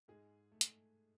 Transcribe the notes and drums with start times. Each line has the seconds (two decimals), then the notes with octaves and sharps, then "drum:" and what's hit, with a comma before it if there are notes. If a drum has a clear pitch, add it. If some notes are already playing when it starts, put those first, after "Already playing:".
0.08 G#2 G#3 G#4
0.52 A3
0.61 drum: hi-hat